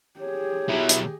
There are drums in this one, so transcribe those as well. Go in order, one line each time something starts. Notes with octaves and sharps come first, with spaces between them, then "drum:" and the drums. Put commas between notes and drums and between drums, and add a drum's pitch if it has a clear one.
G4 G#4 C#5
B2 F#3 E4
drum: hi-hat